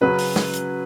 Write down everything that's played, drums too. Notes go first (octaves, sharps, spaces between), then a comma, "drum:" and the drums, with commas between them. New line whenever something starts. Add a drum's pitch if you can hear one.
C#3 F#3 C#4 B4
drum: open hi-hat
drum: snare
drum: hi-hat